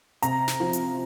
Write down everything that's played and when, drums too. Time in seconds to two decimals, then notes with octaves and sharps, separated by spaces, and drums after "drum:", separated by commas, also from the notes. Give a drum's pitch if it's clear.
0.22 C3 A#5, drum: hi-hat
0.48 drum: snare
0.60 F3
0.73 drum: hi-hat